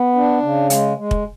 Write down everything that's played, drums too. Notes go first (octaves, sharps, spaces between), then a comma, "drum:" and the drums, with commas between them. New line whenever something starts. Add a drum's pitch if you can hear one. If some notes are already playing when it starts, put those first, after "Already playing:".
Already playing: B3
D4
C#3
G#3, drum: hi-hat
G#3
drum: kick